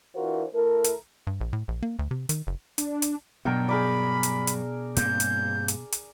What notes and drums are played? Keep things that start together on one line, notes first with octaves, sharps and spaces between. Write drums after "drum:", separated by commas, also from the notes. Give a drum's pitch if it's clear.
E3 D4 F4 F#4 A#4 C5
A3 E4 A4 A#4
drum: hi-hat
G2
A#1
A2
A#1
A#3
D2
C3
D#3, drum: hi-hat
F#1
D4, drum: hi-hat
drum: hi-hat
G2 B2 F#3 D4 A#4 G5
G#4 A#4 D5 B5
drum: hi-hat
drum: hi-hat
G2 A#3 C4 G6, drum: hi-hat
drum: hi-hat
drum: hi-hat
drum: hi-hat